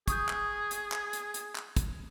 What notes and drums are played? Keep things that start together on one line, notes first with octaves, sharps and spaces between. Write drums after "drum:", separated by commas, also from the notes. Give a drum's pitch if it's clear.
G#4 C#6 D#6 G6, drum: kick, hi-hat
drum: clap
drum: hi-hat
drum: clap
drum: hi-hat
drum: hi-hat
drum: clap
drum: kick, hi-hat